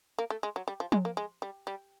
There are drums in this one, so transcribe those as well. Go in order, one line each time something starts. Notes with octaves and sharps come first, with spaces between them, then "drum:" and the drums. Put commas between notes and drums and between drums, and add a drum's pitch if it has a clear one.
A#3
A3
G#3
F#3
G3
F3
G#3, drum: tom F3
A#3
G#3
G3
G3